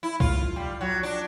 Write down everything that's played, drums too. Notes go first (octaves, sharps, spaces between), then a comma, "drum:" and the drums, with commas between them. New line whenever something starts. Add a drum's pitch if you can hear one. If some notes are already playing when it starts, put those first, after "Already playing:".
E4
F4, drum: kick C2
G3
F#3
D4